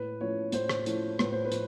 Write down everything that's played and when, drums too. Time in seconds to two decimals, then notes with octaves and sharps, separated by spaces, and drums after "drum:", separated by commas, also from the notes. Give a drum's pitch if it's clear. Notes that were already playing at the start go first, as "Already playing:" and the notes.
Already playing: A2 B4
0.20 F3 A3 C#4 E4 C#5
0.52 A2 C5, drum: hi-hat
0.69 drum: rim click
0.86 F3 A3 C#4 E4, drum: hi-hat
1.19 A2 B4, drum: rim click
1.32 C5
1.45 B4
1.52 F3, drum: hi-hat